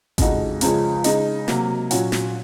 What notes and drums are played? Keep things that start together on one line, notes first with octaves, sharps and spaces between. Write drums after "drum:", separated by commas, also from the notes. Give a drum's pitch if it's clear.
F2 C#3 G#3 D#4 F#4, drum: kick G#1, hi-hat
C#2 C#3 F3 G#3 C#4, drum: hi-hat
C#3 G#3 D#4, drum: hi-hat
C3 F#3 A#3, drum: snare
A#2 F#3 C#4 F#4, drum: hi-hat
drum: snare